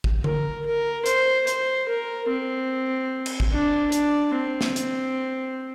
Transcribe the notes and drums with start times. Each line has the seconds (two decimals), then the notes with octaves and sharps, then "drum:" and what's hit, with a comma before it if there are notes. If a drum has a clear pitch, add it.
0.04 drum: kick A1
0.24 A#4, drum: tom D3
0.66 A#4
1.06 C5, drum: hi-hat
1.47 C5, drum: hi-hat
1.89 A#4
2.29 C4
3.26 drum: cymbal
3.40 drum: kick A1
3.52 D4
3.92 D4, drum: hi-hat
4.34 C4
4.61 drum: snare
4.76 drum: hi-hat